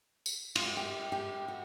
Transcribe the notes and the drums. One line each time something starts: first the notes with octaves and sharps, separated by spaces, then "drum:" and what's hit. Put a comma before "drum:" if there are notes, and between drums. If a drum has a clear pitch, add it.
drum: tambourine
F4, drum: cymbal
F#4
G4
G4
F#4